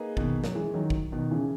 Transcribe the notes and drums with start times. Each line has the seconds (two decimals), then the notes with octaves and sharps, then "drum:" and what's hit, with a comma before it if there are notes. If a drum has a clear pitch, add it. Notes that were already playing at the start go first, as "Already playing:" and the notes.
Already playing: A#3 D#4 G#4 B4
0.17 B2 D#3, drum: kick
0.44 F#3, drum: snare
0.55 E3 G#3
0.74 D#3 F#3
0.90 drum: kick
1.12 B2 D#3
1.31 C#3 E3